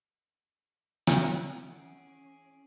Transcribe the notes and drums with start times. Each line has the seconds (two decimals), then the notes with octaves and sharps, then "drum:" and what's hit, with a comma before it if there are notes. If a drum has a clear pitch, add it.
1.07 drum: rim click
1.66 E3 C#4 E4 G#4 F#5 G#5 D6